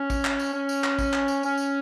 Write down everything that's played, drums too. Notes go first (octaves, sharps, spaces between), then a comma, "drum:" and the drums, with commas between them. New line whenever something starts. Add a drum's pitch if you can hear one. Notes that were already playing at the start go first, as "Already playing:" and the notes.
Already playing: C#4
drum: kick A1, tambourine
drum: clap
drum: tambourine
C#4
drum: tambourine
drum: clap
drum: kick A1, tambourine
drum: clap
drum: tambourine
C#4, drum: tambourine
drum: tambourine